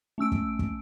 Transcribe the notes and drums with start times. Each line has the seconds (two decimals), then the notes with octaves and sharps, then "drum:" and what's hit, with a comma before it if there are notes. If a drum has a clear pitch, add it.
0.18 A3 C#4 E6 D7
0.32 drum: kick
0.59 drum: kick